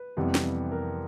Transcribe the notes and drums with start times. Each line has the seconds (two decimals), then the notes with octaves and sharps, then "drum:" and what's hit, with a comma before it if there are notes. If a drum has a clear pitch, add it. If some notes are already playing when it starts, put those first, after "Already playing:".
Already playing: B4
0.17 F2 C3 E3 G3 B3
0.35 drum: snare
0.71 A#4